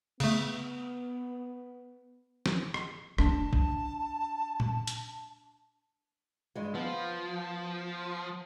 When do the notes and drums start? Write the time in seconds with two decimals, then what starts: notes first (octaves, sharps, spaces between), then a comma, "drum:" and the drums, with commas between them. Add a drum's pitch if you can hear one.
0.20 C#3 A3 B3, drum: cymbal
2.46 drum: snare
2.74 drum: rim click
3.18 D4 A5, drum: rim click
3.53 drum: kick A#1
4.60 drum: tom A#2
4.88 drum: hi-hat
6.55 G2 E3 G#3
6.75 F3 B3 F4